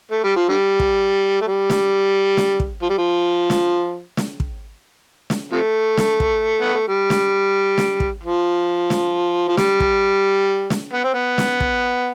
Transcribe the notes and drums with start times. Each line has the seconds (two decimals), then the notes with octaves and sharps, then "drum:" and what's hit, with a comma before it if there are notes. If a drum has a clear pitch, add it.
0.11 A3
0.24 G3
0.36 F3
0.49 D3 G3
0.80 drum: kick
1.41 A3
1.48 G3
1.70 drum: snare
2.37 drum: snare
2.60 drum: kick
2.82 F3
2.90 G3
2.98 F3
3.50 drum: snare
4.17 drum: snare
4.40 drum: kick
5.30 drum: snare
5.52 C3 F3 A3
5.97 drum: snare
6.20 drum: kick
6.61 B3
6.74 A3
6.88 G3
7.10 drum: snare
7.78 drum: snare
8.00 drum: kick
8.23 F3
8.90 drum: snare
9.48 F3
9.57 G3, drum: snare
9.80 drum: kick
10.70 drum: snare
10.93 B3
11.04 C4
11.14 B3
11.38 drum: snare
11.60 drum: kick